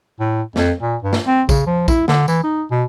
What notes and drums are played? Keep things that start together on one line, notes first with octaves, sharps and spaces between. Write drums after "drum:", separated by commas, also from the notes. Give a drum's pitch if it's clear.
A2
F2, drum: snare
A#2
G2
drum: snare
C4
C#3, drum: kick, tambourine
F3
E4, drum: kick, tambourine
D3, drum: snare
E3, drum: tambourine
D#4
B2